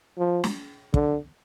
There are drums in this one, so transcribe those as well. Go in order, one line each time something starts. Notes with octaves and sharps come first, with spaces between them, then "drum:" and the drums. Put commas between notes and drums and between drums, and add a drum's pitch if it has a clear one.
F3
drum: snare
D3, drum: kick